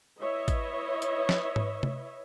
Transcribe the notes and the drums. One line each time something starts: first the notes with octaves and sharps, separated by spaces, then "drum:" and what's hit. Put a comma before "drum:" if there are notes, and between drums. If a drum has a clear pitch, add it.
E4 B4 C#5 D#5 E5
drum: kick, hi-hat
drum: hi-hat
drum: snare
drum: tom G#2
drum: tom C3